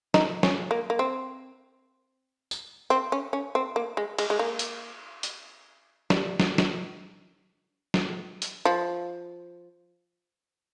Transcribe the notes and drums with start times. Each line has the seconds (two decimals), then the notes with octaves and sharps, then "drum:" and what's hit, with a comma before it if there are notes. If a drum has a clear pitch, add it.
0.14 D#4, drum: snare
0.43 C#4, drum: snare
0.71 A#3
0.90 A#3
0.99 C4
2.51 drum: tambourine
2.90 C4
3.12 C#4
3.33 C#4
3.55 C4
3.76 A#3
3.97 G#3
4.19 G#3, drum: cymbal
4.30 G#3
4.39 A#3
4.59 drum: hi-hat
5.23 drum: hi-hat
6.10 G3, drum: snare
6.40 drum: snare
6.58 drum: snare
7.94 drum: snare
8.42 drum: hi-hat
8.65 F3